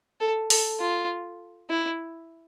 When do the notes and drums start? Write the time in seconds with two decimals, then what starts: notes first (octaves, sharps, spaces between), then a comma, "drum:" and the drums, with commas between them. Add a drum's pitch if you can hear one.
0.20 A4
0.50 A4, drum: open hi-hat
0.80 F4
1.70 E4